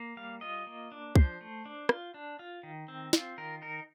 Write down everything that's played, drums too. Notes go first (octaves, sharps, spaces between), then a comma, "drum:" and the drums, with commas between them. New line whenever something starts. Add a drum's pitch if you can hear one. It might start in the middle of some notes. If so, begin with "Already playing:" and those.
Already playing: A#3
G3 F5
F4 D#5
A#3
D4
F3 C5, drum: kick
A3
D4
F4, drum: rim click
D4
F4
D#3
C4
F4, drum: snare
D#3 A#4
D#4 A#4